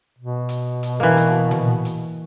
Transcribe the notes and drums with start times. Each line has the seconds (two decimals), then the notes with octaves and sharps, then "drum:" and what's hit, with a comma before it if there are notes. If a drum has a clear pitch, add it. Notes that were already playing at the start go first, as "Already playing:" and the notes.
0.19 B2
0.49 drum: hi-hat
0.83 drum: hi-hat
1.00 E3 A#3
1.17 drum: hi-hat
1.51 drum: tom A#2
1.85 drum: hi-hat